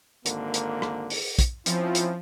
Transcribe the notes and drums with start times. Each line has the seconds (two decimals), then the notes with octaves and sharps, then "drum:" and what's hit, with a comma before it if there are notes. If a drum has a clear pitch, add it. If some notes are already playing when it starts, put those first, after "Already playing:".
0.26 G#1 D3 A#3, drum: hi-hat
0.54 drum: hi-hat
0.82 drum: rim click
1.10 drum: open hi-hat
1.39 drum: kick, hi-hat
1.66 F3 C4 C#4 E4, drum: hi-hat
1.95 drum: hi-hat